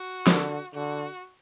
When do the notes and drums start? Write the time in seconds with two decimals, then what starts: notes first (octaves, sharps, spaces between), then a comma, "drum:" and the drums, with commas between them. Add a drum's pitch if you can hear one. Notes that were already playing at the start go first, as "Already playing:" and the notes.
Already playing: F#4
0.27 D3, drum: snare
0.74 D3 F#4